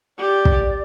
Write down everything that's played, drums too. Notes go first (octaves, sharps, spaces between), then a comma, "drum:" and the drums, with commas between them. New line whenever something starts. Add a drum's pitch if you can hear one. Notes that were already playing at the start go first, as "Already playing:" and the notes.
G4 D5
drum: kick